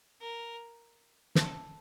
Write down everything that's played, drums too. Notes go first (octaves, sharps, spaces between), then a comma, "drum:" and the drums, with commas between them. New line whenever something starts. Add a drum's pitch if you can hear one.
A#4
A4, drum: snare